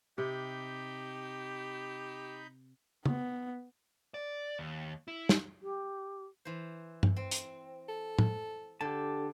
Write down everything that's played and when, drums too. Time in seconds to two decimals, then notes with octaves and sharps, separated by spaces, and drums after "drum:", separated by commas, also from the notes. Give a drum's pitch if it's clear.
0.18 C3 D#4 G4 B5 G6
3.05 B3, drum: tom
4.14 D5
4.59 D#2
5.08 E4
5.29 drum: snare
5.62 G4
6.45 E3 C5
7.03 drum: tom G2
7.16 C4
7.31 drum: hi-hat
7.89 A4
8.19 drum: tom A2
8.81 D3 G4 A5